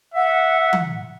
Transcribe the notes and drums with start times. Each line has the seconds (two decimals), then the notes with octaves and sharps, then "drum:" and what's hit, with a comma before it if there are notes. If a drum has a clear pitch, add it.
0.14 E5 F#5
0.73 drum: tom E3